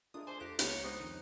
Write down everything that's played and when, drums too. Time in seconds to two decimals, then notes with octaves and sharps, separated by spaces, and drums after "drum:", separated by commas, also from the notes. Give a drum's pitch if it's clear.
0.14 G#3 A3 D4 F4 A#4 D#6
0.27 A3 A4 C5 G#5 A5 D6
0.40 F2 G4 F#6 A#6
0.59 C#2 A#3 B3 C#4 C#5, drum: hi-hat
0.84 G#3 B3 D4 D#4 C5 F#6 C#7
1.00 F2 D#3